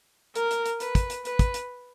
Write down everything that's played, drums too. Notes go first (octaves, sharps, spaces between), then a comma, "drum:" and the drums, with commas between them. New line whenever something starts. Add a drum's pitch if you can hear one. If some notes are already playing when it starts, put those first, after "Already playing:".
A#4, drum: hi-hat
drum: hi-hat
drum: hi-hat
B4, drum: hi-hat
drum: kick, hi-hat
drum: hi-hat
B4, drum: hi-hat
drum: kick, hi-hat
drum: hi-hat